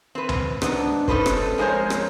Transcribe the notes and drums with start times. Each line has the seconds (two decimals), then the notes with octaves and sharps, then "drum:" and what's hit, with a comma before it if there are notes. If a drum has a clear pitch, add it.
0.15 C4 B4
0.29 drum: tom C#2
0.62 G#2 B3 D4, drum: rim click
1.08 C#4 D#4 F4 A4 B4 C5, drum: kick
1.26 drum: rim click
1.58 F2 G#3 A#4 C5 C#5
1.90 drum: rim click